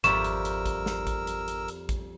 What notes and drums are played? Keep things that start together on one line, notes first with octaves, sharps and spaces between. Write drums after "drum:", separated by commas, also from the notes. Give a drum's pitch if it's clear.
G#1 F2 G3 A#4 E5 C#6 E6 E7, drum: hi-hat
drum: hi-hat
drum: hi-hat
drum: kick A1, hi-hat
drum: snare
drum: kick A1, hi-hat
drum: hi-hat
drum: hi-hat
drum: hi-hat
drum: kick A1, hi-hat